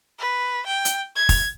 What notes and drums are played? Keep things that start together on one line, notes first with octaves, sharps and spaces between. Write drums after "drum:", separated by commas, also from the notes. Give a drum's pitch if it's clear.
B4
G5
drum: hi-hat
G#6
drum: kick, open hi-hat